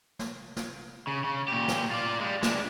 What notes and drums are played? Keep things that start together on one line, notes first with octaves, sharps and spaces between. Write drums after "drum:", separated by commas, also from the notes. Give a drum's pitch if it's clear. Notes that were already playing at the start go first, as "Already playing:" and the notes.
drum: snare
drum: snare
C#3
C#3
A#2 G4
drum: snare
F4 D5
G3 G#3
G#3 D4, drum: snare